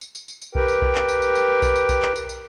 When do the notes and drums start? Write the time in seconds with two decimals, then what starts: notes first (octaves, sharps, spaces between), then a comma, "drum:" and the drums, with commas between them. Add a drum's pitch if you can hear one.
0.01 drum: tambourine
0.15 drum: tambourine
0.28 drum: tambourine
0.42 drum: tambourine
0.55 G4 A#4 B4 G5, drum: kick B1
0.68 drum: tambourine
0.82 drum: kick B1
0.95 drum: clap
1.09 drum: tambourine
1.22 drum: tambourine
1.35 drum: tambourine
1.62 drum: kick B1, tambourine
1.75 drum: tambourine
1.89 drum: kick B1, tambourine
2.02 drum: clap
2.16 drum: tambourine
2.29 drum: tambourine